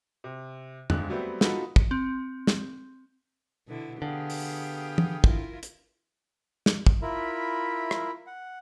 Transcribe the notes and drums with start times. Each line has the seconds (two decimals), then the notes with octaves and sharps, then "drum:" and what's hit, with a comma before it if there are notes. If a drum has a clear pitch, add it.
0.24 C3
0.90 D#1 D3 G#3 F#6, drum: tom F2
1.09 F#3 G3 A3 B3 C4
1.41 B3 D#4 F4 F#4 A4 B4, drum: snare
1.76 drum: kick
1.91 C4
2.47 drum: snare
3.68 B2 D3 E4
4.02 D3 B3 G4 G#4 F5 G5
4.30 drum: open hi-hat
4.98 drum: tom
5.24 E4 F4 A#4, drum: kick
5.63 drum: hi-hat
6.66 drum: snare
6.87 drum: kick
7.02 E4 F4 A#4 E5 B5
7.91 drum: rim click
8.27 F#5